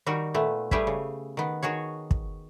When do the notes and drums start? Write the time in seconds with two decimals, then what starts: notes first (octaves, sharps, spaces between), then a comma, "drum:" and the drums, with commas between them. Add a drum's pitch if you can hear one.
0.06 D#3 G3 D#4 F#4 A#4
0.34 A#2 A3 B3
0.71 G3 A3 G4 G#4 B4 E5, drum: kick
0.87 C#3
1.37 D#3 B3
1.62 D#3 F#4 G#4 C#5
2.11 drum: kick